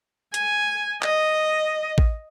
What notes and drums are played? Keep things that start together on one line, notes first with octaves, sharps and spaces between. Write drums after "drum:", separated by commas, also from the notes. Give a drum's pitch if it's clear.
G#5, drum: hi-hat
D#5, drum: clap
drum: kick A1